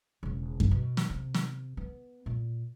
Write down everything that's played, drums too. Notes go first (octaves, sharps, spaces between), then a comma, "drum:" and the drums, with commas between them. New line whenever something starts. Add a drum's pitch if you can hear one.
E1 C#3
drum: kick F#2
B2
drum: snare
C3
drum: snare
B3
A#2